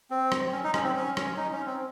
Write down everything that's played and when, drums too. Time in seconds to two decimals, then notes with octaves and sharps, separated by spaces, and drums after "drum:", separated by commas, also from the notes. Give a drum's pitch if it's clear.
0.11 C4
0.32 drum: rim click
0.52 C#4
0.64 D#4
0.74 C#4, drum: rim click
0.84 C4
0.96 C#4
1.17 C#4, drum: rim click
1.37 D#4
1.52 C#4
1.66 C4